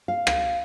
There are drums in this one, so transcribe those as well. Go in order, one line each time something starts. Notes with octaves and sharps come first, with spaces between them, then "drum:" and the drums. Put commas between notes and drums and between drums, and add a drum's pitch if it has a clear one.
F5
drum: rim click